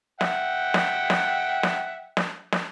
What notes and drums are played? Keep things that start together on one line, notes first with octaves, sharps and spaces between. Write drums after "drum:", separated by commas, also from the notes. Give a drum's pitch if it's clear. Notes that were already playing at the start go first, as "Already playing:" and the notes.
E5 F#5 G5, drum: snare
drum: snare
drum: snare
drum: snare
drum: snare
drum: snare